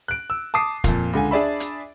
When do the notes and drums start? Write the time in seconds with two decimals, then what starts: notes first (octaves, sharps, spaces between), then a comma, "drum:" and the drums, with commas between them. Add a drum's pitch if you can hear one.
0.08 F#6 D7
0.30 E6
0.54 A5 D6 D#6 C7
0.84 F2 A#2, drum: kick, hi-hat
1.13 C#2 D3 G#5
1.31 D4 G#4 D5 E5 B5
1.60 drum: hi-hat